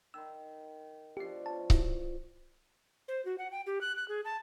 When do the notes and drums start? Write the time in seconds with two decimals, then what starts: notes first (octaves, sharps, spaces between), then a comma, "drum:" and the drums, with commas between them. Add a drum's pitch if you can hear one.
0.14 D#3 C6 E6
1.17 B2 F3 D4 G4 C7
1.46 F3 C#4 A5
1.70 E4 F#4, drum: kick C#1
3.08 C5
3.25 F#4
3.38 F#5
3.52 G5
3.66 G4
3.81 F#6
3.96 F#6
4.08 G#4
4.25 A5